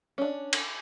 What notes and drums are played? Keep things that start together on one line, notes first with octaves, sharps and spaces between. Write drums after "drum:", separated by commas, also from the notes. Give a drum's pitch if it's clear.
C#4 D4
drum: cymbal